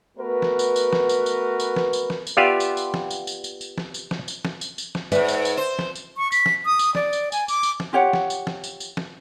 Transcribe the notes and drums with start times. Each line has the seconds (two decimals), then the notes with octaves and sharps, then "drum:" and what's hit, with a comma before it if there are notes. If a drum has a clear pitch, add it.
0.18 A3 B3 F#4 A#4 B4
0.42 drum: snare
0.59 drum: tambourine
0.76 drum: tambourine
0.93 drum: snare
1.09 drum: tambourine
1.26 drum: tambourine
1.60 drum: tambourine
1.76 drum: snare
1.93 drum: tambourine
2.10 drum: snare
2.27 drum: tambourine
2.37 B3 F4 G4 D5 E5 F5
2.60 drum: tambourine
2.77 drum: tambourine
2.94 drum: snare
3.11 drum: tambourine
3.27 drum: tambourine
3.44 drum: tambourine
3.61 drum: tambourine
3.78 drum: snare
3.94 drum: tambourine
4.11 drum: snare
4.28 drum: tambourine
4.45 drum: snare
4.61 drum: tambourine
4.78 drum: tambourine
4.95 drum: snare
5.12 E2 G#2 B4 D5 E5, drum: tambourine
5.28 drum: tambourine
5.45 drum: tambourine
5.57 C5
5.79 drum: snare
5.95 drum: tambourine
6.17 C#6
6.32 B6, drum: tambourine
6.46 drum: snare
6.66 D#6
6.79 drum: tambourine
6.95 D5, drum: snare
7.13 drum: tambourine
7.32 G#5, drum: tambourine
7.48 D6, drum: tambourine
7.63 drum: tambourine
7.80 drum: snare
7.93 F4 G4 C#5 F#5
8.13 drum: snare
8.30 drum: tambourine
8.47 drum: snare
8.64 drum: tambourine
8.80 drum: tambourine
8.97 drum: snare